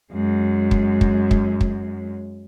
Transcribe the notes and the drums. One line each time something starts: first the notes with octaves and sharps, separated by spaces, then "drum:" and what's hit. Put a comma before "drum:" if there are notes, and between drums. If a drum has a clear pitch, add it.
F#2 G#3
drum: kick
drum: kick
drum: kick
drum: kick